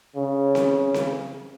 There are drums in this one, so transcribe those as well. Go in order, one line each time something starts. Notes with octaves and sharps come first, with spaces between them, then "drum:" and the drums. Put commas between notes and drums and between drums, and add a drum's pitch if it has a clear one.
C#3
drum: snare C4
drum: snare C4